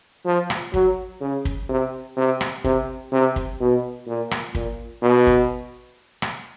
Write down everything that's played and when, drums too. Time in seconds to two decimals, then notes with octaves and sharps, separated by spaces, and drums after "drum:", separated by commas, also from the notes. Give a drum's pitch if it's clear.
0.25 F3
0.50 drum: rim click
0.74 F#3, drum: kick
1.21 C#3
1.45 drum: kick
1.69 C3
2.17 C3
2.41 drum: rim click
2.64 C3, drum: kick
3.12 C3
3.36 drum: kick
3.60 B2
4.08 A#2
4.31 drum: rim click
4.55 A#2, drum: kick
5.02 B2
5.27 drum: kick
6.22 drum: rim click